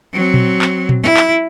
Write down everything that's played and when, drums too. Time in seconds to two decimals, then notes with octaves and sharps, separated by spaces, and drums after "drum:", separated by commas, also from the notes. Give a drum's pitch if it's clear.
0.13 F#3 C4
0.34 drum: tom A#2
0.62 drum: clap
0.89 drum: tom A#2
1.03 E4
1.17 drum: clap